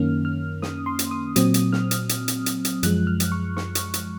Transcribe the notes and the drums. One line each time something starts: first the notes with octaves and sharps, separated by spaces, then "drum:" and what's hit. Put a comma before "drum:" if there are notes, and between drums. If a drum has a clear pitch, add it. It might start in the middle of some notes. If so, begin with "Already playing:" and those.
Already playing: F#2 D#3 A#3 C#4 F6
F6
D#6, drum: snare
C6
drum: hi-hat
D#6
A#2 F#3 C4 D#6, drum: hi-hat
drum: hi-hat
F6, drum: snare
drum: hi-hat
drum: hi-hat
drum: hi-hat
drum: hi-hat
drum: hi-hat
F#2 F3 G#3 F#6, drum: hi-hat
F6
drum: hi-hat
C#6
C#6, drum: snare
drum: hi-hat
drum: hi-hat